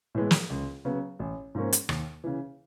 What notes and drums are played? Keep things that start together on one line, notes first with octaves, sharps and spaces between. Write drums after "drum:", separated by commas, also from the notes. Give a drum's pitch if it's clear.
A2 E3 G#3 B3
drum: snare
C#2
C#3 F#3 B3
A1
G#2 F3 A#3 C#4
drum: hi-hat
D#2, drum: rim click
C#3 E3